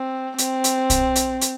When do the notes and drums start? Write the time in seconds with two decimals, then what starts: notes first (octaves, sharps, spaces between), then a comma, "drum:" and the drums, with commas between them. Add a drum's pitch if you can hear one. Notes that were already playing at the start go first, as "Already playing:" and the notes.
Already playing: C4
0.38 C4, drum: hi-hat
0.64 drum: hi-hat
0.90 drum: kick, hi-hat
1.16 drum: hi-hat
1.41 drum: hi-hat